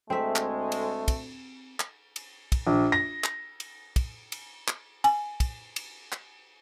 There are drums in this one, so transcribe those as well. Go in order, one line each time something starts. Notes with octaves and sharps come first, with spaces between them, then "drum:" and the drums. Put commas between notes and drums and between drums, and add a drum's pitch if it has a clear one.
D2 G#3 A3 C4 E5
drum: clap
drum: cymbal
drum: kick, cymbal
drum: clap
drum: cymbal
drum: kick, cymbal
A#1
A#6
drum: clap
drum: cymbal
drum: kick, cymbal
drum: cymbal
drum: clap
G#5, drum: cymbal
drum: kick, cymbal
drum: cymbal
drum: clap